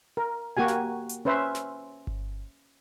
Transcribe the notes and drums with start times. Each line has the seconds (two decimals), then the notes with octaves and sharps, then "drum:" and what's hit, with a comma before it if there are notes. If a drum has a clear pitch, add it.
0.17 A#4
0.57 A#3 F#4 G4 G#5
0.68 drum: snare
1.09 drum: hi-hat
1.25 C#4 B4 C5 E5
1.55 drum: snare
2.07 drum: kick G1